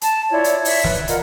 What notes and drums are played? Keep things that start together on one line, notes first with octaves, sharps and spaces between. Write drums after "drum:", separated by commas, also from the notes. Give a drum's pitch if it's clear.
A5, drum: hi-hat
E4 F4 C#5 D5
drum: hi-hat
C#5 D5 E5, drum: open hi-hat
B4, drum: snare
F4 A#4 D#5 F#5, drum: hi-hat